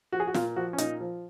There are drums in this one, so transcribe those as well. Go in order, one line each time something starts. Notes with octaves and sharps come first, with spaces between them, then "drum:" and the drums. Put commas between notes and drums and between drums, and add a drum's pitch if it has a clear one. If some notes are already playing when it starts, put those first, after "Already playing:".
F3 F#4
G#4
F#4
A#2 F4, drum: snare
F3 F#4
C#4
A#2 D#4, drum: hi-hat
F3